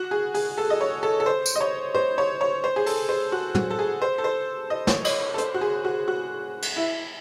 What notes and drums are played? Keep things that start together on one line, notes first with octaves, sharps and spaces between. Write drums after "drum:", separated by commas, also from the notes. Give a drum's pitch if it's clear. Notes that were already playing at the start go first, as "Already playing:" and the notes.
Already playing: F#4
G#4
G#4, drum: open hi-hat
A4
D#5
C#5
A4
A4
C5
drum: tambourine
D#5
C#5
C5
C#5
C#5
C5
G#4
A4, drum: open hi-hat
C5
F#4
F#4, drum: tom
A4
G#4
C5
A4
C5
D#5
C#5, drum: snare
D#5, drum: cymbal
A4
C5, drum: hi-hat
F#4
G#4
F#4
F#4
drum: cymbal
E4